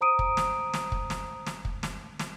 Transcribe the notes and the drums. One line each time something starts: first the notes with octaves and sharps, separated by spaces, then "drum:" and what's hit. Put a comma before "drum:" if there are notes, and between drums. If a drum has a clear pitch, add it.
C5 A#5 D#6 D7 D#7
drum: kick
drum: snare
drum: snare
drum: kick
drum: snare
drum: snare
drum: kick
drum: snare
drum: snare